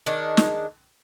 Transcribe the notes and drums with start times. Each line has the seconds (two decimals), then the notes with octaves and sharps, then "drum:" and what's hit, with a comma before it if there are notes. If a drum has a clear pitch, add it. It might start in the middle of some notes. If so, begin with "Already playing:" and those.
0.06 D#3 D4 G#4
0.37 drum: snare